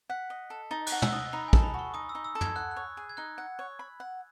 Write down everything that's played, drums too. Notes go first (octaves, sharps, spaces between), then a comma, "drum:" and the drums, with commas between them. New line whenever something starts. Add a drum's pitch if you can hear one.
F#5 B6
D#5
A4
D#4 A6
F#6, drum: cymbal
F#5
E6, drum: tom
D#5 D#6
D#4 B5
G#5
A4, drum: kick
B5
F#4
C#6
D#4 D#6
E6
D#4
E6
A4
G#6, drum: tom
F#5 F#6
F#6
C#5
G#4
G#6
D#4 F#6
F#5
C#5
B5
F#5